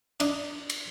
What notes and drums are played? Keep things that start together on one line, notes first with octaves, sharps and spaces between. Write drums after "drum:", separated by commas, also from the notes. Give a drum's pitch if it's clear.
D4 D#4, drum: cymbal
drum: cymbal